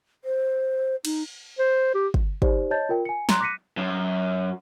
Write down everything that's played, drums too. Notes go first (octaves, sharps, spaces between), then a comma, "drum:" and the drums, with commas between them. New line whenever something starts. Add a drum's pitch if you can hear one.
C5
D#4, drum: cymbal
C5
G4
drum: kick
D#4 G4 C5 D5, drum: kick
C#5 D#5 A5 G6 A6
F4 A#4 G5
G#5 C#7
A#5 C6 F#6, drum: snare
D6 F#6 A#6 B6 C#7 D#7
F#2